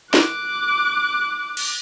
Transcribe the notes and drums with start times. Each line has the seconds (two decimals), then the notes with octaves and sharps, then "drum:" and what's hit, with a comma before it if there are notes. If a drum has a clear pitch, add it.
0.14 D6 F#6, drum: snare
1.57 drum: cymbal